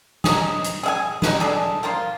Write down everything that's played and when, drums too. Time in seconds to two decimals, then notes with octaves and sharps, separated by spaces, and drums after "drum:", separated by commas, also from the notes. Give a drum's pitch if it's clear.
0.24 D#4 G#4, drum: snare
0.64 drum: hi-hat
0.83 G#4 E5 G#5
1.22 D#4 B4, drum: snare
1.40 D4 G#4 A4
1.83 F3 A#3 F4